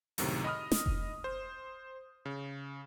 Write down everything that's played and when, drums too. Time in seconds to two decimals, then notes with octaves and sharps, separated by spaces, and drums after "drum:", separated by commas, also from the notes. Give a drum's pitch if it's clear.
0.18 C#2 F#2 A2 C3 D#3, drum: open hi-hat
0.44 D#5 B5 D#6 F6
0.72 drum: snare
0.86 drum: kick F1
1.24 C5
2.25 C#3